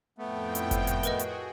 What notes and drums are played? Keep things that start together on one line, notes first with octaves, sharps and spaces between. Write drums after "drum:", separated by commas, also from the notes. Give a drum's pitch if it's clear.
F2 A2 A3 B3 G5
drum: hi-hat
drum: kick F#1, hi-hat
drum: hi-hat
F#4 G#4 A#4 B4 D#5, drum: hi-hat
drum: hi-hat